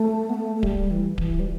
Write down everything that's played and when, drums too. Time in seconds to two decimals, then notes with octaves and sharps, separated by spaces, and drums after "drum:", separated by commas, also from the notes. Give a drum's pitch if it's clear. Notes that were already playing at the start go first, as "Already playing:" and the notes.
Already playing: A3
0.30 B3
0.34 A3
0.56 A3
0.63 G3, drum: kick D1
0.91 E3
1.18 E3, drum: kick D1
1.40 G3